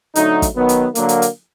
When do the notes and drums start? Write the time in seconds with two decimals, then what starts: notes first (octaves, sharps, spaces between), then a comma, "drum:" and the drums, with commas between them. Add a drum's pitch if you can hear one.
0.15 D3 F#3 A3 D#4, drum: hi-hat
0.42 drum: kick, hi-hat
0.55 D#3 F#3 B3
0.69 drum: hi-hat
0.95 D3 F#3 A#3, drum: hi-hat
1.09 drum: hi-hat
1.22 drum: hi-hat